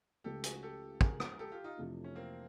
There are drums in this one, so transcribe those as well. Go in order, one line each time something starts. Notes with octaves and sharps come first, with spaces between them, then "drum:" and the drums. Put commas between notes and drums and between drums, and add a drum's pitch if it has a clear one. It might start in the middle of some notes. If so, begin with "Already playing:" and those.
C#2 C#3 F3 A3 G4 A4
F#4 G#4, drum: hi-hat
G4 A4
G#4 A#4, drum: kick
drum: rim click
G4 A4
F4 G4
D#4 F4
F2 C3 E3 A3 D4
C#4
A#3 C4